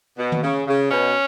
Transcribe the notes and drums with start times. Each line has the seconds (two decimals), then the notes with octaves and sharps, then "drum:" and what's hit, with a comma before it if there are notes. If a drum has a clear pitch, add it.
0.18 B2
0.32 drum: tom D#3
0.43 C#3
0.67 C#3
0.91 B2 C#4